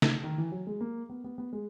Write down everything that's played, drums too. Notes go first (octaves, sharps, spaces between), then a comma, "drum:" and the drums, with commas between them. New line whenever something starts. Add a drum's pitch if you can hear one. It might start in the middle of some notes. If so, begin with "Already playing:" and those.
drum: snare
D#3
E3
F#3
G#3
A#3
B3
B3
B3
G#3